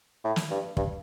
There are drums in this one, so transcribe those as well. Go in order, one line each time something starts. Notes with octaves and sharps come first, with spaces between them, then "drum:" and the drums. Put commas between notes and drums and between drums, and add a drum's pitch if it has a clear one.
A2
drum: snare
G2
G2, drum: kick